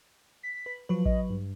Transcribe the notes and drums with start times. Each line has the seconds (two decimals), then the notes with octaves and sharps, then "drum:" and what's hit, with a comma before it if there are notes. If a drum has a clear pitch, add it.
0.43 B6
0.66 B4
0.89 F3 F#3 B4
1.06 D#5, drum: kick A1
1.30 G2